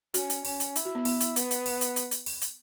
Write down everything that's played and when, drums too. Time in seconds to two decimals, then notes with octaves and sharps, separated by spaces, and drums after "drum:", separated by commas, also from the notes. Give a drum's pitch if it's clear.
0.14 C#4 F#4, drum: hi-hat
0.30 drum: hi-hat
0.45 C#4, drum: open hi-hat
0.60 drum: hi-hat
0.76 E4, drum: hi-hat
0.85 F#4
0.95 B3
1.05 B3, drum: open hi-hat
1.20 drum: hi-hat
1.36 B3, drum: hi-hat
1.51 drum: hi-hat
1.66 drum: open hi-hat
1.81 drum: hi-hat
1.96 drum: hi-hat
2.11 drum: hi-hat
2.26 drum: open hi-hat
2.41 drum: hi-hat